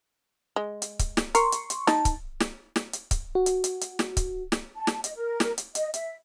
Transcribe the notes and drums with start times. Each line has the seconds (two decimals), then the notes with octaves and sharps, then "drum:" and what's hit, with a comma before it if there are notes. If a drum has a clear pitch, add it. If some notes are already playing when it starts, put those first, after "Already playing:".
0.56 G#3
0.82 drum: hi-hat
0.99 drum: kick C#1, hi-hat
1.17 drum: snare
1.35 A#4 C6 C#6, drum: hi-hat
1.52 drum: hi-hat
1.70 drum: hi-hat
1.87 D#4 A5, drum: snare
2.05 drum: kick C#1, hi-hat
2.40 drum: snare
2.76 drum: snare
2.93 drum: hi-hat
3.11 drum: kick C#1, hi-hat
3.35 F#4
3.46 drum: hi-hat
3.64 drum: hi-hat
3.81 drum: hi-hat
3.99 drum: snare
4.17 drum: kick C#1, hi-hat
4.52 drum: snare
4.76 A5
4.87 drum: snare
5.04 D#5, drum: hi-hat
5.16 A#4
5.40 drum: snare
5.58 drum: hi-hat
5.75 D#5, drum: hi-hat
5.94 E5, drum: hi-hat